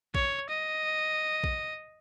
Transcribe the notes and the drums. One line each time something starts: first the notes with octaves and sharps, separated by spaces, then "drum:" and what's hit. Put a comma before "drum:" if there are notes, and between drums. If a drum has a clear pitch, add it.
C#5, drum: kick
D#5
drum: kick